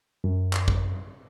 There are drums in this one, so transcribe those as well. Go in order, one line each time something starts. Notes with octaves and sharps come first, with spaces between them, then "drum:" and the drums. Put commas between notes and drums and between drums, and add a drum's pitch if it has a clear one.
F#2
drum: clap
drum: kick G#1